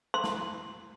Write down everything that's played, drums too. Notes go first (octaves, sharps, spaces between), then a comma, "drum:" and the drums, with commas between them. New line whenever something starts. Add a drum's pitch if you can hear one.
C6
drum: snare